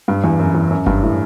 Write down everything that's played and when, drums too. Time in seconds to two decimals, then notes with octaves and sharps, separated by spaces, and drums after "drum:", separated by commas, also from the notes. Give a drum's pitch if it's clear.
0.08 G2
0.24 E2
0.39 F#2
0.55 E2
0.71 F#2
0.86 G2, drum: kick G1
1.03 A2